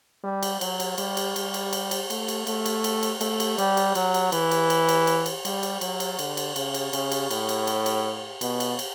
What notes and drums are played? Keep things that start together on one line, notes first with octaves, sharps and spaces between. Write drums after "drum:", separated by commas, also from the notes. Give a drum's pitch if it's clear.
G3
drum: cymbal
F#3, drum: cymbal
drum: cymbal
G3, drum: cymbal
drum: cymbal
G3, drum: cymbal
drum: cymbal
drum: cymbal
drum: cymbal
A3, drum: cymbal
drum: cymbal
A3, drum: cymbal
drum: cymbal
drum: cymbal
drum: cymbal
A3, drum: cymbal
drum: cymbal
G3, drum: cymbal
drum: cymbal
F#3, drum: cymbal
drum: cymbal
E3, drum: cymbal
drum: cymbal
drum: cymbal
drum: cymbal
drum: cymbal
drum: cymbal
G3, drum: cymbal
drum: cymbal
F#3, drum: cymbal
drum: cymbal
D3, drum: cymbal
drum: cymbal
C#3, drum: cymbal
drum: cymbal
C#3, drum: cymbal
drum: cymbal
A2, drum: cymbal
drum: cymbal
drum: cymbal
drum: cymbal
B2, drum: cymbal
drum: cymbal
drum: cymbal